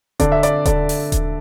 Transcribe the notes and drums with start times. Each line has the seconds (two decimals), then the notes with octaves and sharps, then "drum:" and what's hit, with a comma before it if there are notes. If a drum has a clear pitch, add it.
0.20 D3 D5, drum: kick D#1, hi-hat
0.32 E5
0.43 D5, drum: hi-hat
0.65 D3 D5, drum: kick D#1, hi-hat
0.89 drum: open hi-hat
1.12 drum: kick D#1, hi-hat